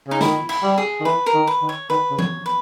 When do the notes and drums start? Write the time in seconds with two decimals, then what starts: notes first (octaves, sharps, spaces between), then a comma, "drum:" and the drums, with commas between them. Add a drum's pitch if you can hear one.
0.08 C#3 D#4
0.21 D#3 E4, drum: snare
0.49 E4, drum: cymbal
0.63 G3
0.78 G#4
1.00 D#3
1.05 E3 B4
1.26 A#4
1.34 D#3
1.47 B4
1.62 D#3
1.69 C#5
1.90 D#3 B4
2.10 C#3
2.18 C#5, drum: tom E3
2.46 B4